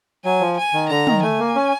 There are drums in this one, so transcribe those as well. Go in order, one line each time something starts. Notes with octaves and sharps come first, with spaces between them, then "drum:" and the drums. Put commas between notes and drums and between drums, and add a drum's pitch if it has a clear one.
F#3 G#5
F3
G#5
D#3
D3 A#5
D#3, drum: tom
A3 G#5
A#3
C#4